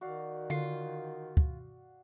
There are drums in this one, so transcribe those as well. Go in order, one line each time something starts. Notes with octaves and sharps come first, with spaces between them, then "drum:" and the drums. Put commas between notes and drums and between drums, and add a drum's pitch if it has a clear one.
D#3 F#4 D5 F5
D3 F4 C7
drum: kick